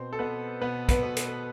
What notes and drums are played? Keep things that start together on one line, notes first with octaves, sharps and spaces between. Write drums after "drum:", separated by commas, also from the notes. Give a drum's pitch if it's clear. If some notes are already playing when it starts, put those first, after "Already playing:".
Already playing: B2 C4 C5
A4
B2 B3 B4
B2 B3 B4
B3 B4, drum: kick, hi-hat
B2
drum: hi-hat